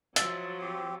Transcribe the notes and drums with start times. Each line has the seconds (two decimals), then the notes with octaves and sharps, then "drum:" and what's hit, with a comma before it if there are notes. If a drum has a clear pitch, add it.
0.16 F3 F#3 E5 E6 A6, drum: hi-hat
0.61 C4 G4